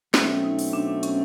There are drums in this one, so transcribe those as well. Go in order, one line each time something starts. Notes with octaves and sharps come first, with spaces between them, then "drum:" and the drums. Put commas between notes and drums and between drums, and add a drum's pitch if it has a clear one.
B2 F#3 A3 C4 C#4, drum: snare
D#4
drum: open hi-hat
D4
C#4, drum: hi-hat